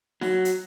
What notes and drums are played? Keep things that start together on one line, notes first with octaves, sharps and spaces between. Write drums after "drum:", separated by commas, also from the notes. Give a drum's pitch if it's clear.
F#3, drum: snare D#4
drum: hi-hat